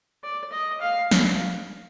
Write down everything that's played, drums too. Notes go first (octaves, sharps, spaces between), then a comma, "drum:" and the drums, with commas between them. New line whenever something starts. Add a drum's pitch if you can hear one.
D5
D#5
F5
drum: snare